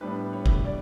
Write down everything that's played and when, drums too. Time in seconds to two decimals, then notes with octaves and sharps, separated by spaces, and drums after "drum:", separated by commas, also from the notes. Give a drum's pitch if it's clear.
0.01 A2 G3 B3 D4 B4
0.33 C#5
0.46 drum: kick
0.65 D5